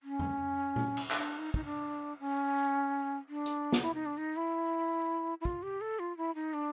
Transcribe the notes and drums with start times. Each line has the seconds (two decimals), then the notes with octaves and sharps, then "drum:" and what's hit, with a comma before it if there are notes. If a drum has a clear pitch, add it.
0.03 C#4
0.19 drum: tom F2
0.76 drum: tom A#2
0.97 drum: cymbal
1.11 D4, drum: clap
1.38 D#4
1.54 D#4, drum: kick
1.65 D4
2.20 C#4
3.29 D4
3.46 drum: hi-hat
3.72 drum: snare
3.82 E4
3.94 D#4
4.06 D4
4.17 D#4
4.37 E4
5.41 E4
5.45 F4, drum: kick
5.63 G4
5.81 A4
5.99 F4
6.17 E4
6.35 D#4
6.54 D4